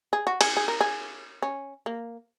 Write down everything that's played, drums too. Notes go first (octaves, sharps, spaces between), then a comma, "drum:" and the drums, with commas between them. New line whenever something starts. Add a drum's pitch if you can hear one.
G#4
F#4
G#4, drum: cymbal
G#4
A#4
G#4
C#4
A#3